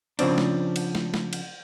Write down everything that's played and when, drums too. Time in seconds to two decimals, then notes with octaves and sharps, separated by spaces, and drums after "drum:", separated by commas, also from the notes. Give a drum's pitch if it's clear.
0.19 C#3 F3 C4 D4, drum: cymbal
0.38 drum: snare
0.76 drum: cymbal
0.95 drum: snare
1.14 drum: snare
1.33 drum: cymbal